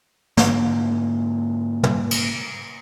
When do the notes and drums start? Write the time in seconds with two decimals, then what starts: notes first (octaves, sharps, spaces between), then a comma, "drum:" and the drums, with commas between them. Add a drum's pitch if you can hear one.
0.37 G#2 D3 A#3, drum: snare
1.83 drum: tom
2.11 drum: cymbal